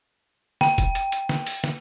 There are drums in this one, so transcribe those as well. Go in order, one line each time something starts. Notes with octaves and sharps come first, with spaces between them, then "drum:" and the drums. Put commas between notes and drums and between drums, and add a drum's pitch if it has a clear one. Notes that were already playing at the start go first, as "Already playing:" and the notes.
G5, drum: snare
drum: kick E1, hi-hat
drum: hi-hat
drum: hi-hat
drum: snare
drum: open hi-hat
drum: snare